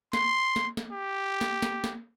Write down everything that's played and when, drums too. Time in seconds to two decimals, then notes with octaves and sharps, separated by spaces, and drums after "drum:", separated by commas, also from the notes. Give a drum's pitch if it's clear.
0.13 C6, drum: snare
0.56 drum: snare
0.77 drum: snare
0.92 G4
1.41 drum: snare
1.62 drum: snare
1.84 drum: snare